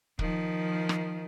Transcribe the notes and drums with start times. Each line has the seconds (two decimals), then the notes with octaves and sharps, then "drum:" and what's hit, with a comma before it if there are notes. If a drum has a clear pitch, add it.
0.19 D#3 F3, drum: kick
0.89 drum: rim click